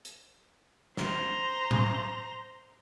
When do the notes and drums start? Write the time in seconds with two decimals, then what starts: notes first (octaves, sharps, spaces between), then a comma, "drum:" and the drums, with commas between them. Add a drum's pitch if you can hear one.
0.05 drum: hi-hat
0.97 C5 A#5, drum: snare
1.71 drum: tom A2